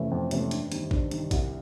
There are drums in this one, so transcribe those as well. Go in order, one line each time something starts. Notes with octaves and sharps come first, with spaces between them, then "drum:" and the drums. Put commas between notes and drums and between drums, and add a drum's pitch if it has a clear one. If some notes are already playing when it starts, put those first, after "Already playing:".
Already playing: F2 C3 E3 A3 C#4
F2
C3 E3 A3 C#4, drum: hi-hat
G2, drum: hi-hat
D#3 G3, drum: hi-hat
G2, drum: kick A1
D#3 G3, drum: hi-hat
C2, drum: kick A1, hi-hat